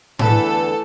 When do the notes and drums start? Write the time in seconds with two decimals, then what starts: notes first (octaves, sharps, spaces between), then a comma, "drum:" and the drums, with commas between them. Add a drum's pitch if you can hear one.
0.19 E2 D3 E3 A3 A4 B4, drum: tom A2